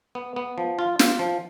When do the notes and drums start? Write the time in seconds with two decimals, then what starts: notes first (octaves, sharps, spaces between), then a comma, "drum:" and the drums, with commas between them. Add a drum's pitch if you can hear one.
0.15 B3
0.36 B3
0.58 F3
0.79 F4
0.99 F4, drum: snare
1.19 F3